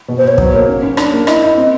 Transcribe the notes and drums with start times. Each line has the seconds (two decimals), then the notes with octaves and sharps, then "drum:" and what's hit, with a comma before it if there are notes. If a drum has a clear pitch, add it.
0.08 B2
0.18 C5
0.23 B3 C#5
0.38 F#3, drum: kick
0.53 A#3
0.68 C#4
0.82 C#4
0.97 D4, drum: rim click
1.12 A#3
1.27 E4 D#5, drum: rim click
1.42 E4
1.57 C4